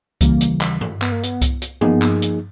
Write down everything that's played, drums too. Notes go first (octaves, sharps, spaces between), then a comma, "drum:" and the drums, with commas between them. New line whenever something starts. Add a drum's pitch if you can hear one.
D#2 C#3 E3 G3 A#3, drum: kick C2, hi-hat
drum: hi-hat
drum: clap
drum: tom G2
B3, drum: clap
A#3
B3, drum: hi-hat
drum: kick C2, hi-hat
drum: hi-hat
F3 A#3 B3 D#4 G#4, drum: tom G2
drum: clap
drum: hi-hat